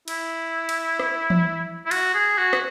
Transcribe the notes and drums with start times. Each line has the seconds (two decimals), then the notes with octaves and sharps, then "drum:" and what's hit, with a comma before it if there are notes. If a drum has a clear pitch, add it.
0.08 E4, drum: cymbal
0.69 drum: cymbal
1.00 drum: rim click
1.30 drum: tom E3
1.86 E4
1.91 F#4, drum: cymbal
2.14 G#4
2.38 F#4
2.53 drum: rim click